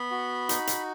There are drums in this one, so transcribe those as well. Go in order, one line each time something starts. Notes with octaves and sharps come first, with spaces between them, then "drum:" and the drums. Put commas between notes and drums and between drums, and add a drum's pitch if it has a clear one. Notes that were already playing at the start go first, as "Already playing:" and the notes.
Already playing: B3 B5
F#4
D#4, drum: hi-hat
drum: hi-hat